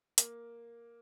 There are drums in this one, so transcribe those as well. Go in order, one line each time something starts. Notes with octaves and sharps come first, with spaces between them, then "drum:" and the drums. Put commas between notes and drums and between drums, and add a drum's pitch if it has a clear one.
A#3, drum: hi-hat